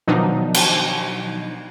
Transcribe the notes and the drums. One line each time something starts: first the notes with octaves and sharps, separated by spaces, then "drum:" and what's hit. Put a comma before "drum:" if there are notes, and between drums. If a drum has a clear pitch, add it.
B2 D#3 F3 F#3 D4 D#4
drum: cymbal